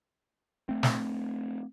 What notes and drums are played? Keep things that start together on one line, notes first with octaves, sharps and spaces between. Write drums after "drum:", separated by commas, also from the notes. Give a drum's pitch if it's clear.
A3 C4
drum: snare